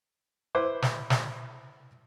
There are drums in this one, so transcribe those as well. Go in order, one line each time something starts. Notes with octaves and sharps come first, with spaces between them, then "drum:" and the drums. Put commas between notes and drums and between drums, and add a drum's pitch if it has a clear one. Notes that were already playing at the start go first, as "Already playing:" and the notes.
E4 B4 C5 D6
drum: snare
drum: snare